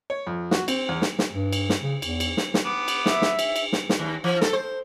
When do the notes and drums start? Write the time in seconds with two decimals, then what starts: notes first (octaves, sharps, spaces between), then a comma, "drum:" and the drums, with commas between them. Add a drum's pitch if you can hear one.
0.10 C#5
0.27 F2
0.51 F#4, drum: snare
0.68 C4, drum: cymbal
0.89 E2
1.02 drum: snare
1.19 drum: snare
1.32 G2
1.53 drum: cymbal
1.69 drum: snare
1.81 C#3
2.02 E2, drum: cymbal
2.20 drum: cymbal
2.37 drum: snare
2.54 drum: snare
2.65 B3 D6
2.88 drum: cymbal
3.06 E5, drum: snare
3.22 drum: snare
3.39 drum: cymbal
3.56 drum: cymbal
3.73 drum: snare
3.89 drum: snare
3.99 D#2
4.24 E3
4.41 A4, drum: snare
4.53 C5